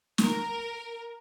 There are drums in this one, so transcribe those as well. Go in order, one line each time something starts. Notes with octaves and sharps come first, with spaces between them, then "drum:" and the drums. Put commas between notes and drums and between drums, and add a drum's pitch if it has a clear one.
A#4, drum: snare